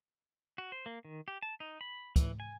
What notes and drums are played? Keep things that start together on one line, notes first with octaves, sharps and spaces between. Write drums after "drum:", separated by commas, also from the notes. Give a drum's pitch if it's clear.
F#4
C5
A#3
D#3
G4
A5
D#4
B5
E3, drum: kick, hi-hat
G#5